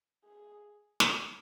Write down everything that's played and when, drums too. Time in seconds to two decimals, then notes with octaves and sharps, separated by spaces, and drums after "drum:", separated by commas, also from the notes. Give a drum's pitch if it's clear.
0.24 G#4
1.00 drum: snare